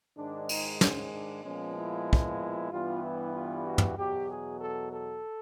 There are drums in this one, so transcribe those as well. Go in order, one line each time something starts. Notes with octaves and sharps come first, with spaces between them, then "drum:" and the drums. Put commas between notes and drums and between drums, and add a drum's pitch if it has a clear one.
G#2 D#3 G#3 D4
D#4, drum: cymbal
C#4, drum: snare
D4
A#2 F3 G#3 B3 C#4
E4
drum: kick
G2 E3 G3 B3 F4
E4
F4
F#4
drum: tom
E2 B2 F#3 G4
G#4
A4
A4